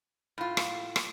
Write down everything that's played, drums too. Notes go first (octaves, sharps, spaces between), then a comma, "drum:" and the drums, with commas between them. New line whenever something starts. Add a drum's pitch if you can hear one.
A2 F4
drum: rim click
drum: rim click